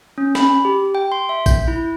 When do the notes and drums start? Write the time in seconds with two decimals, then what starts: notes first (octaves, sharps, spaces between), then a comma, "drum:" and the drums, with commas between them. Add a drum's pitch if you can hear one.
0.18 C#4
0.35 B5, drum: snare
0.65 G4
0.95 G5
1.12 C6
1.29 E5
1.46 G6, drum: kick, tambourine
1.68 E4